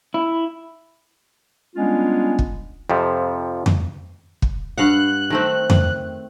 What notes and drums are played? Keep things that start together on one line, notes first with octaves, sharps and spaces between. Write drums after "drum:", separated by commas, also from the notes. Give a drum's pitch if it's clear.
E4
G3 G#3 B3 C#4 D4 F4
drum: kick
F2 C3 F3
drum: tom F2
drum: kick
G2 F5 F#5 F#6
D#3 A3 C4
drum: tom F2